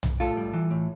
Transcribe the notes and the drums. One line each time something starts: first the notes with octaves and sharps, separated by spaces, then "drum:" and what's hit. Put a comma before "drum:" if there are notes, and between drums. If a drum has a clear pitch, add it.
drum: tom B1
A2 F4 A4
G3
E3
A2